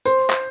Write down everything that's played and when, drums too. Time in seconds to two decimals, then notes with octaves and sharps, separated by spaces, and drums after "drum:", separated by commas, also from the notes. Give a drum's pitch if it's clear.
0.05 C5, drum: tambourine
0.30 drum: clap